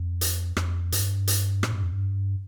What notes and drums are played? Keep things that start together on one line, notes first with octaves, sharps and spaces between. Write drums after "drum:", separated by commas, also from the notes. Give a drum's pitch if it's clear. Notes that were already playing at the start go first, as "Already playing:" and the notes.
Already playing: F2
drum: hi-hat
F2, drum: rim click
G2, drum: hi-hat
drum: hi-hat
A2, drum: rim click
G2
F2
G2